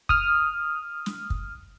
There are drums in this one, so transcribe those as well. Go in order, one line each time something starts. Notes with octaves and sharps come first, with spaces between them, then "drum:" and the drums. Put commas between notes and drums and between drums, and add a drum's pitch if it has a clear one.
D#6 F6, drum: kick
drum: snare
drum: kick